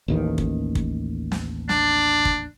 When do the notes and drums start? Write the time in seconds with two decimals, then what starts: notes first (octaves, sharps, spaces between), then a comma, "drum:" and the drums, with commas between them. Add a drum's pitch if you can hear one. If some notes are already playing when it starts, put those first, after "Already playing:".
0.08 A1 D#2 D#3
0.38 drum: kick
0.75 drum: kick
1.32 drum: snare
1.69 D4, drum: snare
2.25 drum: kick